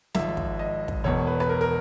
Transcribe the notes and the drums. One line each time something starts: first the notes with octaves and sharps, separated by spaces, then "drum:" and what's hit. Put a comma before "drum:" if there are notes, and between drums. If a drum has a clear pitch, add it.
G#1 G#2 F3 E5, drum: snare
drum: kick
D#5
drum: kick
E1 E2 B2 C#5
B4
B4, drum: rim click
A#4
A#4